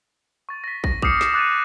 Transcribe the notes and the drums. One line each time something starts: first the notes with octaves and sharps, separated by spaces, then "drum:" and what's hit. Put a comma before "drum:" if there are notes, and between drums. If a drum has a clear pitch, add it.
C#6 A6
A#6 B6
A#6, drum: kick
D6 D#6 F6 G6 C7 C#7, drum: kick
E7, drum: snare
D6 F#6 A6 C7 C#7 D#7